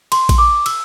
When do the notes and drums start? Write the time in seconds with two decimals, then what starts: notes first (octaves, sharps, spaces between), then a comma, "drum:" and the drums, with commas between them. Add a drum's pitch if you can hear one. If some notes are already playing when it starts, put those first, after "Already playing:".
0.12 C6, drum: cymbal
0.29 drum: kick A#1, cymbal
0.38 D6
0.66 E6, drum: cymbal